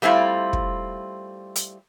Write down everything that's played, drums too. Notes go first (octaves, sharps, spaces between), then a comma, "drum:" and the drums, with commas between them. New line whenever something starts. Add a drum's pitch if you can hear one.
G3 A3 C4 E4 F4
drum: kick
drum: hi-hat